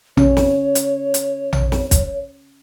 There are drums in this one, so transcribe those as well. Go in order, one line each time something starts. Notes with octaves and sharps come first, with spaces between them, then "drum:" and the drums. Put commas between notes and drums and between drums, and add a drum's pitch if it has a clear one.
C#4 C#5, drum: tom A#1
drum: snare
drum: hi-hat
drum: hi-hat
drum: tom A#1
drum: snare
drum: kick, hi-hat